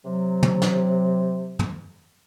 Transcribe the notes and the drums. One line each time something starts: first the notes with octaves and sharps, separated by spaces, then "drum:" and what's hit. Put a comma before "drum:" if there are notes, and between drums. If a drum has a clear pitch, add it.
C3 F#3
drum: tom
drum: snare
drum: tom